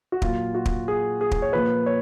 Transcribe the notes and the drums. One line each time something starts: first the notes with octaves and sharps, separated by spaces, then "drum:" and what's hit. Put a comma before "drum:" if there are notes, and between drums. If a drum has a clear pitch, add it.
F#4
A#2 F#3 A#3 F4, drum: kick
F#4
drum: kick
G#4
G#4
drum: kick
C#5
A#2 F3 A#3 B4
C#5